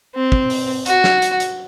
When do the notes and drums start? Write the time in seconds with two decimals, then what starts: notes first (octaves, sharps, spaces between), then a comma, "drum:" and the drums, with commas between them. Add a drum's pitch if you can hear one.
0.15 C4
0.32 drum: kick
0.50 drum: open hi-hat
0.86 F#4, drum: hi-hat
1.04 drum: snare
1.22 drum: hi-hat
1.40 drum: hi-hat